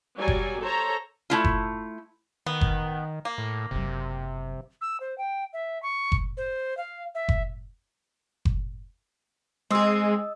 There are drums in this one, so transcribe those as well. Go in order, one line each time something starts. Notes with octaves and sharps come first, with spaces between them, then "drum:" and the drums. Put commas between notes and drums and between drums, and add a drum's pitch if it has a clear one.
F#3 G3 D5 G#5
drum: kick F#1
A4 C5 C#5 A#5
A3 E4 F4
drum: kick F#1
D#3 B3
drum: kick F#1
A#3
A2
F#1 C3 F#3
E6
C5
G5
E5
C#6
drum: kick F#1
C5
F5
E5
drum: kick F#1
drum: kick F#1
G#3 C4 G#4 D#5 D#6 E6